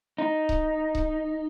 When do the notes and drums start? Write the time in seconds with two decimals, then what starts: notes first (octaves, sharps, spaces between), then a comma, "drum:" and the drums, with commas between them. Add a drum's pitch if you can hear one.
0.18 D#4
0.49 drum: kick C#1
0.95 drum: kick C#1